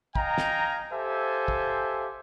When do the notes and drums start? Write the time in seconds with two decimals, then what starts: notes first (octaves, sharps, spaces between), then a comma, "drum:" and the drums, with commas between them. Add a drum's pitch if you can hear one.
0.16 D#5 F5 G5 G#5 A#5, drum: kick
0.38 drum: snare
0.93 G4 A4 C5 E5 F5 G#5
1.48 drum: kick